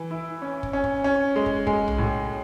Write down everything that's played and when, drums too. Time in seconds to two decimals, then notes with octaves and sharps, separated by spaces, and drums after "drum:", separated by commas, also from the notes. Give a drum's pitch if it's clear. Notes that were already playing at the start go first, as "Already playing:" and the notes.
Already playing: E3
0.11 E4
0.42 C#4
0.63 drum: kick
0.73 C#4
0.84 drum: kick
1.04 C#4
1.36 G#3
1.46 drum: kick
1.67 G#3, drum: kick
1.88 drum: tom B1
1.98 A2